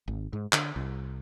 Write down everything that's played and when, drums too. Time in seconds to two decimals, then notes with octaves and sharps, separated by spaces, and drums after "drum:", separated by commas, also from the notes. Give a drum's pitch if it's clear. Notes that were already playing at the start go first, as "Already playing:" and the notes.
0.08 G#1
0.33 G#2
0.53 D3, drum: clap
0.76 C2